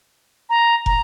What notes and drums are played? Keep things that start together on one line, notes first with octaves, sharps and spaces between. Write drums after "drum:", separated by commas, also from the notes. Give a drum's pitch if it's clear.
A#5
A#5, drum: kick